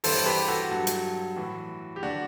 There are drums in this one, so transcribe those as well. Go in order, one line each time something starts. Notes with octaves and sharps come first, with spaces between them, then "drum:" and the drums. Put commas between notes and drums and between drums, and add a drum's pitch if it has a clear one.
G2 E3 A4 C5, drum: open hi-hat
G4 B4
F#4 A4
G2 F#3
drum: hi-hat
A2 E3
G4
D3 F#3 D4 F#4